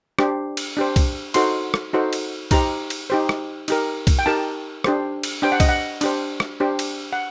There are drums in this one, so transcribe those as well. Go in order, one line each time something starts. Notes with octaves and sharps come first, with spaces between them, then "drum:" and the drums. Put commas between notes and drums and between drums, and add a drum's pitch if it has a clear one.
D4 G4 C5, drum: rim click
drum: cymbal
D4 G4 C5
drum: kick, cymbal
D#4 F#4 A4 C5 C6, drum: cymbal
drum: rim click
D#4 F#4 A4 C5
drum: cymbal
D#4 G4 C5 A#5, drum: kick, cymbal
drum: cymbal
D#4 G4 C5
drum: rim click
D#4 G4 A#4, drum: cymbal
drum: kick, cymbal
G5
D#4 G4 A#4 A5
D4 G4 C5, drum: rim click
drum: cymbal
D4 G4 C5 G5
F#5
D#5, drum: kick, cymbal
F#5
D4 G4 C5, drum: cymbal
drum: rim click
D4 G4 C5
drum: cymbal
F#5